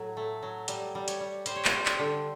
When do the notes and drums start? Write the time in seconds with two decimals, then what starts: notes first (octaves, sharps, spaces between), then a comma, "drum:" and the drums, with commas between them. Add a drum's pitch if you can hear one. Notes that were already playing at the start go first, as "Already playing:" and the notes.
Already playing: A2 F#3
0.17 A3
0.43 F#3
0.68 G3, drum: hi-hat
0.95 G3
1.08 C#5, drum: hi-hat
1.21 G3
1.46 G3 C5, drum: hi-hat
1.56 C#5
1.65 C5, drum: clap
1.72 G3
1.86 drum: clap
1.99 D3